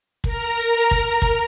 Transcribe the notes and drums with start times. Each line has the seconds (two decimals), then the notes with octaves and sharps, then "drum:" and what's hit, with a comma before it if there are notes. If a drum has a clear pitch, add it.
0.24 A#4 A#5, drum: kick
0.91 drum: kick
1.22 drum: kick